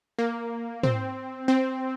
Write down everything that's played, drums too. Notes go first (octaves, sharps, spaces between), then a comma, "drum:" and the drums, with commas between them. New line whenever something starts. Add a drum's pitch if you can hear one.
A#3
C4, drum: tom
C4